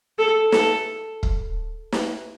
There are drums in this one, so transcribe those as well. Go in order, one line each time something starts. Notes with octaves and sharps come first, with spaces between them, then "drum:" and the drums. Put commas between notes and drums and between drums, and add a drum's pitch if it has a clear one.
A4
A4, drum: snare
drum: kick
drum: snare